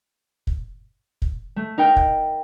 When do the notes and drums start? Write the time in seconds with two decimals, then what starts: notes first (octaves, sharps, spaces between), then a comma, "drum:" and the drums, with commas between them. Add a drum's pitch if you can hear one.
0.47 drum: kick
1.22 drum: kick
1.56 A3
1.78 D#4 A#4 G5
1.96 drum: kick